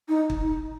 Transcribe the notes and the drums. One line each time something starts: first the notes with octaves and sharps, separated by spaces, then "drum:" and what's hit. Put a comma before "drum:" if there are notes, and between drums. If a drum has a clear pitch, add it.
D#4
drum: kick
D#4